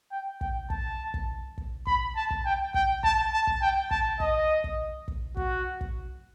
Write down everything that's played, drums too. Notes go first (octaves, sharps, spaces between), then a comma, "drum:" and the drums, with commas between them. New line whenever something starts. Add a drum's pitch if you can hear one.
G5
G5, drum: kick
A5, drum: kick
drum: kick
drum: kick
B5, drum: kick
A5
drum: kick
G5
G5, drum: kick
A5, drum: kick
A5
drum: kick
G5
A5, drum: kick
D#5, drum: kick
drum: kick
drum: kick
F#4, drum: kick
drum: kick